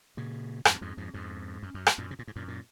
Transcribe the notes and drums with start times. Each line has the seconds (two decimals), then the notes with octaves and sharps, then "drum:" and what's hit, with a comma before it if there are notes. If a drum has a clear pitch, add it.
0.17 A#2 C#3
0.65 F2 G#2, drum: rim click
0.81 F2 G#2
0.97 F2 G#2
1.14 F2 G#2
1.63 F#2
1.74 F#2
1.86 drum: rim click
1.98 F#2 A#2
2.11 C3
2.19 A#2
2.28 G#2
2.36 F#2 A#2
2.48 A#2